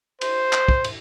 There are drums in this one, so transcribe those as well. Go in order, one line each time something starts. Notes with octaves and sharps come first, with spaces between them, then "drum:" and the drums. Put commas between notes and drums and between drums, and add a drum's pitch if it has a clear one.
C5, drum: cymbal
drum: clap
drum: kick
drum: cymbal